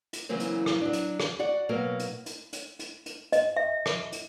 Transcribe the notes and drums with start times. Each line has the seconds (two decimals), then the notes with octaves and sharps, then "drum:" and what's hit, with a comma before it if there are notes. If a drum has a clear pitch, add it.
0.13 drum: hi-hat
0.29 C#3 E3 F#3 A#3 C4
0.40 drum: hi-hat
0.66 drum: rim click
0.81 F#3 D4
0.93 drum: hi-hat
1.20 drum: rim click
1.39 F#4 D5 F#5
1.69 B2 F#3 A#3 A#4
1.99 drum: hi-hat
2.26 drum: hi-hat
2.53 drum: hi-hat
2.79 drum: hi-hat
3.06 drum: hi-hat
3.33 D#5, drum: hi-hat
3.57 E5
3.86 drum: rim click
4.12 drum: hi-hat